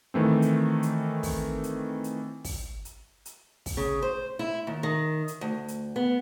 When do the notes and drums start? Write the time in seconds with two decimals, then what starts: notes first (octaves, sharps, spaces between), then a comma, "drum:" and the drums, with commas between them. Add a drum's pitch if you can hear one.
0.14 D#3 E3 A3 C4
0.42 drum: hi-hat
0.83 drum: hi-hat
1.23 drum: kick, open hi-hat
1.64 drum: hi-hat
2.04 drum: hi-hat
2.45 drum: kick, open hi-hat
2.85 drum: hi-hat
3.25 drum: hi-hat
3.66 drum: kick, open hi-hat
3.77 C#3
4.02 C5
4.39 E4
4.67 D#2
4.83 D#3
5.28 drum: hi-hat
5.41 D2
5.68 drum: hi-hat
5.96 B3